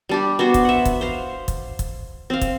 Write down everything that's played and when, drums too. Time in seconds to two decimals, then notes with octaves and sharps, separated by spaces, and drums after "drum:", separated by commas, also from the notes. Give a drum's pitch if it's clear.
0.09 G3 D4 G4
0.39 B3 F#4 C5
0.54 drum: kick, hi-hat
0.65 E5 F#5
0.85 drum: kick, hi-hat
1.01 C5 F5
1.48 drum: kick, hi-hat
1.79 drum: kick, hi-hat
2.30 C4 F5
2.41 drum: kick, hi-hat